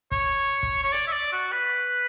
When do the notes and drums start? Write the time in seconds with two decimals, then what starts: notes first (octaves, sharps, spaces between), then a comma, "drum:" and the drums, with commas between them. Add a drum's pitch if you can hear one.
0.12 C#5, drum: kick
0.63 drum: kick
0.83 C#5
0.93 D5, drum: hi-hat
1.07 E5
1.12 D5
1.32 F#4
1.52 B4